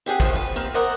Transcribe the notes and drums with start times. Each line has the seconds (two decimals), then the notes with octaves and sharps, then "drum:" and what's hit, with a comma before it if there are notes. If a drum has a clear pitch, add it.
0.06 C4 G4 G#4 F#5
0.20 D#2 A2 D#3 F3 C5, drum: kick
0.35 B4
0.56 A#3 C4 G4
0.74 A#4 C5 D5 D#5 F#5